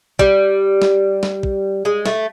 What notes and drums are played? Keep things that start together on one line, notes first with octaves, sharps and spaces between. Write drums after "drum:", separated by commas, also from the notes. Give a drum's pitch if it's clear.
G3, drum: kick
drum: snare
drum: snare
drum: kick
G#3
A3, drum: snare